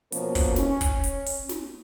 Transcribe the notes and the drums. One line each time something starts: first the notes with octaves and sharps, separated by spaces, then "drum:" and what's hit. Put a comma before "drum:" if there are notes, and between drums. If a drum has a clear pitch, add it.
B2 F3 A#3 C#4 A#4, drum: hi-hat
drum: kick, open hi-hat
C#4, drum: snare
drum: kick, hi-hat
drum: hi-hat
drum: open hi-hat
drum: snare